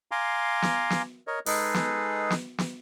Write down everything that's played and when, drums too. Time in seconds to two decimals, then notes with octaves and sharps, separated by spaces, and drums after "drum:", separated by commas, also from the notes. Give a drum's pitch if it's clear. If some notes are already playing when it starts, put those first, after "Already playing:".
0.11 F5 G#5 A#5 C6 D6
0.62 drum: snare
0.90 drum: snare
1.27 A#4 C#5 D#5
1.46 G#3 D#4 G#4 A4 B4, drum: open hi-hat
1.74 drum: snare
2.30 drum: snare
2.58 drum: snare